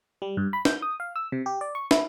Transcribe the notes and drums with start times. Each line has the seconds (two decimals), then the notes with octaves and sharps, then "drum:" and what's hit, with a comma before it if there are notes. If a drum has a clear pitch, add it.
0.22 G3
0.37 G2
0.53 B5
0.65 G6, drum: snare
0.82 D#6
1.00 F5
1.16 E6
1.32 C3
1.46 G4
1.61 D5
1.75 C#6
1.91 E4, drum: snare